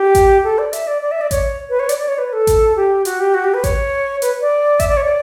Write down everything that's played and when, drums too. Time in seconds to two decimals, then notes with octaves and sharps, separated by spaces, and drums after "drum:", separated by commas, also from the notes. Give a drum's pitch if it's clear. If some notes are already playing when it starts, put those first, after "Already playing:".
Already playing: G4
0.15 drum: kick A1, hi-hat
0.44 A4
0.58 D5
0.73 E5, drum: hi-hat
0.87 D5
1.02 D5
1.12 E5
1.21 D5
1.31 C#5, drum: kick A1, hi-hat
1.70 B4
1.80 C#5
1.89 D5, drum: hi-hat
1.99 D5
2.08 C#5
2.18 B4
2.33 A4
2.47 drum: kick A1, hi-hat
2.76 G4
3.05 F#4, drum: hi-hat
3.20 G4
3.34 F#4
3.44 G4
3.54 B4
3.64 C#5, drum: kick A1, hi-hat
4.22 B4, drum: hi-hat
4.41 D5
4.80 E5, drum: kick A1, hi-hat
4.88 D5
4.97 C#5
5.05 D5